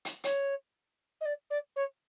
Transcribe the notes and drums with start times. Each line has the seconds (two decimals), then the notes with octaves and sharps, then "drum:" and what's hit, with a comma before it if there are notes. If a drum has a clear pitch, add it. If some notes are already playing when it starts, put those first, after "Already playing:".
0.05 drum: hi-hat
0.24 C#5, drum: hi-hat
1.20 D#5
1.25 D5
1.50 D5
1.76 C#5